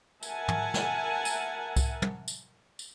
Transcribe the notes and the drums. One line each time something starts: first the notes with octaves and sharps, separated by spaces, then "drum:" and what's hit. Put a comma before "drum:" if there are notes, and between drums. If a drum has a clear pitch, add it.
A#4 E5 F#5 G#5 A5, drum: tambourine
drum: tom
drum: snare
drum: tambourine
drum: kick C2, tambourine
drum: tom
drum: tambourine
drum: tambourine